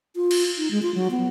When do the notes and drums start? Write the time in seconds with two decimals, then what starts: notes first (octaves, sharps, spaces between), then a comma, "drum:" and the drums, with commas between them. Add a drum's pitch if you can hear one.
0.16 F4
0.31 drum: cymbal
0.57 D#4
0.71 G#3
0.83 F4
0.95 F#3
1.11 B3